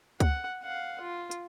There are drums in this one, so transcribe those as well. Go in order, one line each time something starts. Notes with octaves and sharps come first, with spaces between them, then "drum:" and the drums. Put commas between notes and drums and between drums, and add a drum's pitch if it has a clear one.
F#5, drum: kick C#2, hi-hat
F5 F#5
F4
drum: hi-hat